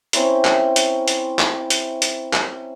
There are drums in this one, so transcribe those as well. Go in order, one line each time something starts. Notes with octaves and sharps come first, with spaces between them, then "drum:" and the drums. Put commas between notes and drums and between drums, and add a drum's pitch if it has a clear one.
C4 C#4 E4 A#4, drum: hi-hat
drum: clap
drum: hi-hat
drum: hi-hat
drum: clap
drum: hi-hat
drum: hi-hat
drum: clap